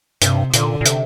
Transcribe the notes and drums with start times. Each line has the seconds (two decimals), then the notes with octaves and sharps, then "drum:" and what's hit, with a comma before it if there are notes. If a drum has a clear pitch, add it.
0.22 G2 C3, drum: hi-hat
0.54 A#2 D3, drum: hi-hat
0.81 A#2
0.86 C3, drum: hi-hat